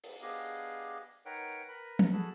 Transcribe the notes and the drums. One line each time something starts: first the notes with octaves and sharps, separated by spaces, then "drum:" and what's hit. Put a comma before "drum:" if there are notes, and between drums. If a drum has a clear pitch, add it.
drum: open hi-hat
B3 D4 G4 G#4 D#5 F5
D#4 A#4 B4 C#5 F#5 G5
A#4 B4 B5
drum: tom F3
F#4 G#4 A4 A5 B5